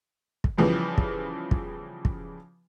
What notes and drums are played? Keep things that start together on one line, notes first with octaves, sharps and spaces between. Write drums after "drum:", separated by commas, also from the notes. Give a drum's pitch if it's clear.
drum: kick
C#3 E3 F3 G3 B3
drum: kick
drum: kick
drum: kick